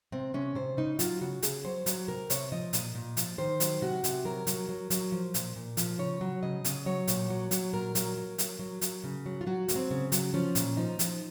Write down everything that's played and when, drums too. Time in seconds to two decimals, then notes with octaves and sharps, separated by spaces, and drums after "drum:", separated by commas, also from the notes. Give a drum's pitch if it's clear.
0.12 C3 C4
0.34 C3 C#4
0.55 C3 C5
0.77 C#3 D#4
0.99 F#3 F4, drum: hi-hat
1.21 C#3 F#4
1.43 C#3 G#4, drum: hi-hat
1.64 F#3 C5
1.86 F#3, drum: hi-hat
2.08 C3 A#4
2.30 C3 C#5, drum: hi-hat
2.52 F3 D#5
2.73 A#2, drum: hi-hat
2.95 A#2
3.17 F3, drum: hi-hat
3.38 D#3 C5
3.60 F#3, drum: hi-hat
3.82 C3 F#4
4.04 C3, drum: hi-hat
4.25 F#3 A#4
4.47 F#3, drum: hi-hat
4.69 F#3
4.90 F#3, drum: hi-hat
5.12 F3
5.34 A#2, drum: hi-hat
5.56 A#2
5.77 F3, drum: hi-hat
5.99 C#3 C#5
6.21 F#3
6.43 C#3 D#5
6.65 C#3, drum: hi-hat
6.86 F#3 C#5
7.08 A#2, drum: hi-hat
7.30 F#3
7.51 F#3, drum: hi-hat
7.73 A#2 A#4
7.95 F#3, drum: hi-hat
8.17 F#3
8.38 F#3, drum: hi-hat
8.59 F#3
8.81 F#3, drum: hi-hat
9.04 C#3
9.26 F#3
9.41 F4
9.47 F#3 F#4
9.68 F#3 A#3, drum: hi-hat
9.76 C4
9.91 C#3
10.12 F#3, drum: hi-hat
10.34 F3 C#4
10.55 A#2, drum: hi-hat
10.77 F3 D#4
10.99 F3, drum: hi-hat